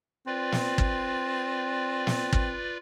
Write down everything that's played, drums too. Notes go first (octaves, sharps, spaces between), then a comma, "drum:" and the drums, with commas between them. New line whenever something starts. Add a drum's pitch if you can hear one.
C4 F4 B4 D5
drum: snare
drum: kick
drum: snare
drum: kick